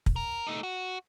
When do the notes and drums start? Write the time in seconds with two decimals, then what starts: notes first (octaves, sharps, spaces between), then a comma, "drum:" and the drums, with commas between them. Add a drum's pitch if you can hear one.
0.06 drum: kick
0.16 A#4
0.47 A3 D#4
0.63 F#4